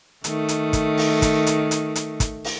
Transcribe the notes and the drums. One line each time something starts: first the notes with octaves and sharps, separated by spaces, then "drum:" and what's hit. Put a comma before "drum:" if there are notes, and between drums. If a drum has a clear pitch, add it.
D#3 A3, drum: hi-hat
drum: hi-hat
drum: kick, hi-hat
drum: open hi-hat
drum: kick, hi-hat
drum: hi-hat
drum: hi-hat
drum: hi-hat
drum: kick, hi-hat
drum: open hi-hat